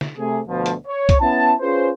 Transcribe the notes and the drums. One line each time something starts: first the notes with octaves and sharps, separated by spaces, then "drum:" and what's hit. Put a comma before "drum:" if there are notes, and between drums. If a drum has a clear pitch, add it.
drum: snare
C3 A3 G#4
D2 B2 F3
drum: hi-hat
C#5
drum: kick, hi-hat
B3 C#4 E4 A5
C#4 F4 G#4 B4 C5